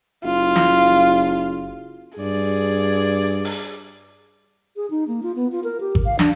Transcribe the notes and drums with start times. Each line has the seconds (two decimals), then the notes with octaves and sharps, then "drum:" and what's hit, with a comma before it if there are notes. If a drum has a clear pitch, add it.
0.24 F#1 F4
0.56 drum: snare
2.18 G2 G#4 D5
3.45 drum: open hi-hat
4.76 G#4
4.91 D#4
5.08 A#3
5.23 F4
5.36 B3
5.52 F4
5.64 A#4
5.80 G4
5.95 drum: kick G#1
6.05 F5
6.19 D4, drum: snare